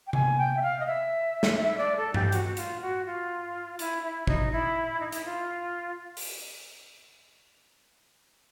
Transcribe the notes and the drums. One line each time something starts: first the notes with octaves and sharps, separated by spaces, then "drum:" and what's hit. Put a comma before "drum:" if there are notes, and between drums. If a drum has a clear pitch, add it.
G5
G#5, drum: tom C3
G5
E5
F5
D#5
E5
drum: snare
E5
D5
A4
G4, drum: tom G2
F#4, drum: hi-hat
F#4
F4, drum: hi-hat
F#4
F4
E4, drum: hi-hat
E4
D#4, drum: kick G#1
E4
D#4
E4, drum: hi-hat
F4
drum: open hi-hat